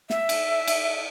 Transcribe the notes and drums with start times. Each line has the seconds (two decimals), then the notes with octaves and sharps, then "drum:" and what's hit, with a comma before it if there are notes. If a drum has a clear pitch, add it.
0.10 E5, drum: snare
0.29 drum: cymbal
0.67 drum: cymbal